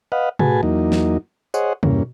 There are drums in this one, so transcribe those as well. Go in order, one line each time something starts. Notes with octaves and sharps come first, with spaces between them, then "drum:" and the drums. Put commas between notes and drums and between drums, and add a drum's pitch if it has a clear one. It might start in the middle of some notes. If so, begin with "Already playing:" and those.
B4 D#5 F5 F#5
A2 F#4 G#4 B4 G#5 A5, drum: tom
E2 F#3 A#3 D#4
drum: snare
G#4 C5 C#5 D#5 F#5, drum: tambourine
E2 G2 A#3 C#4, drum: tom